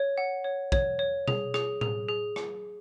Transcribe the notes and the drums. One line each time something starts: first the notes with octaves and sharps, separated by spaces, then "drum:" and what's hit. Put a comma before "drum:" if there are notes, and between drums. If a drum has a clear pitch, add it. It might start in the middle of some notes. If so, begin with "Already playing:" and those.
Already playing: C#5
F#5
C#5
C#5, drum: kick
C#5
G#4, drum: tom B2
G#4, drum: rim click
G#4, drum: tom A2
G#4
drum: rim click